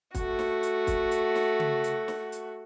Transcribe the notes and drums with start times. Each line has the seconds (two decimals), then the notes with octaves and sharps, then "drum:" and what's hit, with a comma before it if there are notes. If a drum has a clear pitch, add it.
0.15 A3 F#4, drum: kick, hi-hat
0.39 drum: snare
0.63 drum: hi-hat
0.87 drum: kick, hi-hat
1.11 drum: hi-hat
1.35 drum: snare
1.60 drum: tom C#3
1.84 drum: hi-hat
2.08 drum: snare
2.32 drum: hi-hat